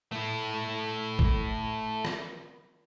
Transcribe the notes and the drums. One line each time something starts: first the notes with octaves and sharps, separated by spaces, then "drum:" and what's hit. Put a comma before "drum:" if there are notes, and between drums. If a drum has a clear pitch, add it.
A3 E4
drum: kick G1
drum: rim click